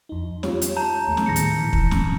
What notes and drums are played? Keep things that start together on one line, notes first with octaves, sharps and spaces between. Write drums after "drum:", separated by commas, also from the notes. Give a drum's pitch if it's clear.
F2 D#4
F4 G4 C#5, drum: snare
drum: hi-hat
A5 A#5 G6
D#2 A3
drum: snare
A2 D#3 G#4 A#6 C#7
drum: hi-hat
A#2 E3
drum: kick
drum: snare